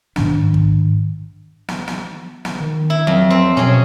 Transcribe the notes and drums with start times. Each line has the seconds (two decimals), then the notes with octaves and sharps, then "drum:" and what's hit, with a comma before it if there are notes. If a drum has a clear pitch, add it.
0.16 G#2 D#3 D4, drum: snare
0.54 drum: kick
1.68 drum: snare
1.88 drum: snare
2.45 drum: snare
2.60 D#3
2.90 E4
3.07 F2 F#3
3.30 C4
3.57 B2 C#4 G#4